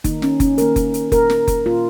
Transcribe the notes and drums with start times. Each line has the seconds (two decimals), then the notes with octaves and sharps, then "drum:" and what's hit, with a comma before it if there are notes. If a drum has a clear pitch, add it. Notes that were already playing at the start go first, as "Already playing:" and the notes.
0.04 D#3 A#3 D#4, drum: kick F#1, hi-hat
0.22 C#4, drum: snare
0.40 C#4, drum: kick F#1, hi-hat
0.58 D#3 A#3 A#4, drum: hi-hat
0.76 drum: kick F#1, hi-hat
0.94 drum: hi-hat
1.12 A#2 A#3 A#4, drum: kick F#1, hi-hat
1.30 drum: snare
1.48 drum: kick F#1, hi-hat
1.65 A#2 A#3 F4